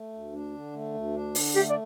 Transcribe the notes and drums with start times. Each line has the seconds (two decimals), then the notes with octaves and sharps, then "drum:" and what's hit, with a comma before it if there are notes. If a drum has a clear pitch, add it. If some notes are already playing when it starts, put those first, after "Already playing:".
Already playing: A3
0.13 D2
0.33 D4
0.54 D3
0.74 A3
0.94 D2
1.14 D4
1.35 D3, drum: open hi-hat
1.55 A3 G4
1.69 D5